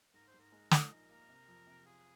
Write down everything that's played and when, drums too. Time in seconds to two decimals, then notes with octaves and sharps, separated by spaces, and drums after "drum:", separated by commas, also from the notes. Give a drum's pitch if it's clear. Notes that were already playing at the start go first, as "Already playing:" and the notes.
0.14 G#2 A#4
0.27 C5
0.34 G#2
0.40 A#4
0.52 G#3
0.71 A#1 A#4, drum: snare
0.91 D#4 A#4
1.10 A#3 A#4
1.29 C3
1.48 F2
1.67 C3
1.85 F4 G#4